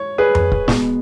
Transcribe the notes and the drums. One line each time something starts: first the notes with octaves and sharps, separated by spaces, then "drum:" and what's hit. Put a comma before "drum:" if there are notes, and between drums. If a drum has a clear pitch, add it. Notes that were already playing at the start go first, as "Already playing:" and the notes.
Already playing: C#5
G#4 B4
drum: tom F2
drum: kick
B2 G#3 B3, drum: snare